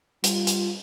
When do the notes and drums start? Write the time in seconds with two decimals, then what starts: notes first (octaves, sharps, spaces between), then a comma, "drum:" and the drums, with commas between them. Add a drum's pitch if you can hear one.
0.24 G3 F4, drum: hi-hat
0.47 drum: hi-hat